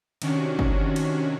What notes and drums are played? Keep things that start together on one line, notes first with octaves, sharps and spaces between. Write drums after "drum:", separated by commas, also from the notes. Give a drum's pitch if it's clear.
C3 D#3 C#4 D4 F#4, drum: cymbal
drum: kick G1
drum: cymbal